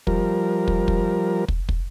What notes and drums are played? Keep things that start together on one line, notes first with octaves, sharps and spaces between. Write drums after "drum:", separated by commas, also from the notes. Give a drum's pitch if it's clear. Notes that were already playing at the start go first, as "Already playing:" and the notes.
F3 G3 A#4, drum: kick
drum: kick
drum: kick
drum: kick
drum: kick